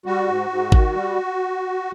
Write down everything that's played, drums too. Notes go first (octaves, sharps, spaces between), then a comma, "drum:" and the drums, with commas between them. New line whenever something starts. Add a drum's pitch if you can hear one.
G3 F#4
G#2
G#2
D#3, drum: kick G#1
G3